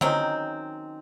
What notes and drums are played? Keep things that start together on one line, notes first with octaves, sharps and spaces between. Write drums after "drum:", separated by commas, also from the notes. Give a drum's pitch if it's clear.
D#3 F#3 C4 C#4 D#4, drum: tom D3